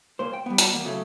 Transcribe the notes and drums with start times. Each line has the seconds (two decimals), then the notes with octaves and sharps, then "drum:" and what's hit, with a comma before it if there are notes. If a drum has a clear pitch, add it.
0.19 A#2 A#3 C5
0.33 G5
0.46 G3 B3
0.58 F#4 D5 F#5, drum: hi-hat
0.71 E2 A#3
0.85 A2 C#3 F#3 A3